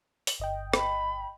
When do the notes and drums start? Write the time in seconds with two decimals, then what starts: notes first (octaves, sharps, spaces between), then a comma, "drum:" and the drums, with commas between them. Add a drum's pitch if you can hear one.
0.27 drum: open hi-hat
0.39 G1 D#5 G5
0.73 B5, drum: rim click